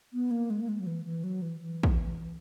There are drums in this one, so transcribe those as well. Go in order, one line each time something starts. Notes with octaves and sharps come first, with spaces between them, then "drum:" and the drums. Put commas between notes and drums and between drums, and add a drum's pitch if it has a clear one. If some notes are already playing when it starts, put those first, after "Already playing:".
B3
A#3
G#3
A#3
G#3
F#3
E3
E3
F#3
E3
E3
drum: kick